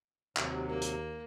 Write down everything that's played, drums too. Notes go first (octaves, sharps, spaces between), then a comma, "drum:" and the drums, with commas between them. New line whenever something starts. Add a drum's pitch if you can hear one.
D#2 C3 F#3, drum: clap
A#3
drum: hi-hat